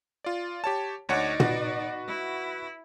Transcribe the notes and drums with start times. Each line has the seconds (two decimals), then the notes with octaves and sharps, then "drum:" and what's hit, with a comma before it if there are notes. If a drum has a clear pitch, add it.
0.24 F4 D5
0.64 G4 C#5 A5
1.09 D2 D#4 C#5 D5 F#5
1.40 F#4 B4, drum: tom
2.08 E4